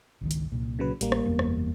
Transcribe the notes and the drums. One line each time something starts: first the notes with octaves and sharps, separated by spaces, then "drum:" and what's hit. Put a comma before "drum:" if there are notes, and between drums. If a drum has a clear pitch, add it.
G#1 C#2 D#3
drum: hi-hat
C2 A#2
C#3 F#3 B4
A1 G3 A#3, drum: hi-hat
drum: rim click
F#1 E2 B3
drum: rim click